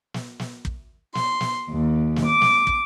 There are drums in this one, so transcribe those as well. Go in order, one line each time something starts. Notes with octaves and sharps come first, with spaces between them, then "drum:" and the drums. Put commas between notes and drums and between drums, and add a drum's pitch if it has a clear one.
drum: snare
drum: snare
drum: kick
C6, drum: snare
drum: snare
D#2
drum: snare
D6
drum: snare
drum: kick